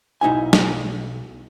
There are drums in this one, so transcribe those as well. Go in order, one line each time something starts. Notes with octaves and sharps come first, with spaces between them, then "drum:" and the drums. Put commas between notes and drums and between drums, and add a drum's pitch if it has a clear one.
B1 D#4 E4 G#5
drum: snare